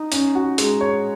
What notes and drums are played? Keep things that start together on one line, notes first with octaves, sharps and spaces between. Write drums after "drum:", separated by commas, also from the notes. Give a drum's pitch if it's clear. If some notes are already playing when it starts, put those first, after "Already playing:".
Already playing: D#4
C#4, drum: hi-hat
F#4
G#3, drum: hi-hat
C#5